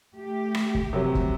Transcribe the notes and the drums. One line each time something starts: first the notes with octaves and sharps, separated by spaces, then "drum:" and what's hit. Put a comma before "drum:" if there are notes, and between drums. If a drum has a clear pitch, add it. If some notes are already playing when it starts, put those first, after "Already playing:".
A3 G4
drum: rim click
drum: kick
C3 F#3
drum: kick